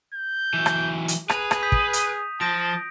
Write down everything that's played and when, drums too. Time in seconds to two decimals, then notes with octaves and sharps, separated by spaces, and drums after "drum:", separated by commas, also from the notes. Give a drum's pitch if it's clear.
0.14 G6
0.54 E3 F#3
0.66 drum: rim click
1.08 drum: hi-hat
1.30 G#4 B4 D#7 F7, drum: rim click
1.51 drum: rim click
1.63 D#6 G6 B6
1.72 drum: kick
1.93 drum: hi-hat
2.41 F3 A5 G6 A#6 D7